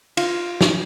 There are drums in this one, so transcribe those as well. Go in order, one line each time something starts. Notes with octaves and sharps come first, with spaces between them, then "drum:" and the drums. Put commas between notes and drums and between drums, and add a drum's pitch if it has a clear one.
F4, drum: cymbal
drum: snare